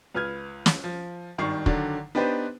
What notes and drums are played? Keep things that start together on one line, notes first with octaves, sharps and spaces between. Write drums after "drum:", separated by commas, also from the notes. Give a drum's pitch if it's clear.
C#2 B4 F6 G#6
drum: snare
F3
G#1 G2 D#3 C#6 C7
D3 D#3 F#3 D4, drum: kick
B3 D4 D#4 G4 B4 C5